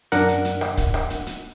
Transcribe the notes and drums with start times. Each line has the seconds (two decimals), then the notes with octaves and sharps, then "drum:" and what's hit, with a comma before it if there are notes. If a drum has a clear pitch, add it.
0.12 F#2 D4 A#4 F#5, drum: hi-hat
0.28 drum: hi-hat
0.45 drum: hi-hat
0.61 drum: rim click
0.77 drum: kick, hi-hat
0.94 drum: rim click
1.10 drum: hi-hat
1.27 drum: hi-hat